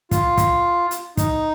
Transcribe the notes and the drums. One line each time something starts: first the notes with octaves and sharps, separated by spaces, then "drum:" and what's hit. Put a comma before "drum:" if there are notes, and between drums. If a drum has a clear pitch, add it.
F4, drum: kick, hi-hat
drum: kick, hi-hat
drum: hi-hat
D#4, drum: kick, hi-hat